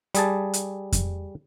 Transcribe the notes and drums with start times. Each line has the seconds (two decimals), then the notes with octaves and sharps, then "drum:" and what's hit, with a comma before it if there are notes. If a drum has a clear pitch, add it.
0.15 G3 G#4 A5, drum: hi-hat
0.54 drum: hi-hat
0.92 drum: kick F2, hi-hat